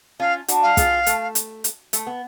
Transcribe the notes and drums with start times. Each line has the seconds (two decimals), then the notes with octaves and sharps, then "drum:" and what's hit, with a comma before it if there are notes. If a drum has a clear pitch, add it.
0.19 C#4 F4 F5
0.48 D4 F#4, drum: hi-hat
0.62 F5
0.77 F4 G#4, drum: kick, hi-hat
1.06 A3, drum: hi-hat
1.35 drum: hi-hat
1.64 drum: hi-hat
1.93 A3, drum: hi-hat
2.07 B3